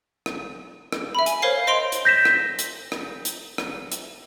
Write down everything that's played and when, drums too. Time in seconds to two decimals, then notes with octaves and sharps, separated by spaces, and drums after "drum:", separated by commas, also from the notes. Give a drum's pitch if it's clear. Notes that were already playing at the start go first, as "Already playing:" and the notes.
0.26 drum: rim click
0.92 drum: rim click
1.15 E5 B5
1.26 G#5, drum: hi-hat
1.42 A#4 C5 C#5 F5 C7
1.67 C5 D#5 C6 D7 F7 G7
1.92 drum: hi-hat
2.05 G6 A#6 B6 E7
2.25 drum: rim click
2.59 drum: hi-hat
2.92 drum: rim click
3.25 drum: hi-hat
3.58 drum: rim click
3.92 drum: hi-hat